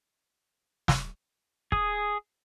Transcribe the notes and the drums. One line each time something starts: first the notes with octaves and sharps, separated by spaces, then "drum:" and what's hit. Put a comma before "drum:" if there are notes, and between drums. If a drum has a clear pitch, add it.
drum: snare
G#4 D#6, drum: kick